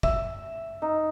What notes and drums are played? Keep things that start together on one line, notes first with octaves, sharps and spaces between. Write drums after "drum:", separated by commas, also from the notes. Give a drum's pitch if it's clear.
E5, drum: kick
D#4